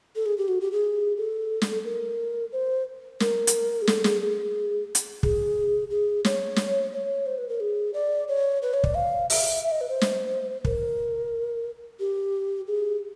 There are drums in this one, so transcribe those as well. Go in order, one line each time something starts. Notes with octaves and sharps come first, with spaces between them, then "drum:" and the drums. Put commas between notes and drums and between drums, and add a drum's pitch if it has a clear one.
A4
G#4
G4
F#4
G4
G#4
A4
drum: snare
A#4
C5
A#4, drum: snare
drum: hi-hat
G#4
A4, drum: snare
G#4, drum: snare
G#4
drum: hi-hat
G#4, drum: kick
G#4
C#5, drum: snare
drum: snare
C#5
C5
B4
A#4
G#4
D5
C#5
B4
C#5
D5, drum: kick
F5
E5, drum: open hi-hat
E5
D#5
B4
C5
drum: snare
A#4, drum: kick
G4
G#4